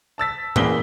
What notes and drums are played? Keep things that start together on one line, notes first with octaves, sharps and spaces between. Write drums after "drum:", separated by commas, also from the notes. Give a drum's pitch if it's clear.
A5 E6 A6 B6
E3 A#3 G#4 D5 B6 G7, drum: tom A#2